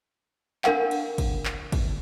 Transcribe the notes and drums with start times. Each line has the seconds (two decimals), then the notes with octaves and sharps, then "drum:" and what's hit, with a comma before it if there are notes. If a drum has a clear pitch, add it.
0.64 D4 A#4 F5 F#5, drum: clap
0.91 drum: cymbal
1.18 drum: kick, cymbal
1.45 drum: clap
1.72 drum: kick, cymbal